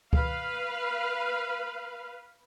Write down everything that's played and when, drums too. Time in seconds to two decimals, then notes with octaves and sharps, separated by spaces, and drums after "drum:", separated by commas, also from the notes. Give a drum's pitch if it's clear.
0.13 B4 F5, drum: kick C#2